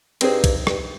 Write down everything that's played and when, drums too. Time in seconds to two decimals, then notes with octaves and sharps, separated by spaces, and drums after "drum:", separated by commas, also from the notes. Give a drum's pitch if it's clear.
0.21 G2 C4 D#4 G#4 C5, drum: cymbal
0.44 drum: kick, cymbal
0.67 G2, drum: rim click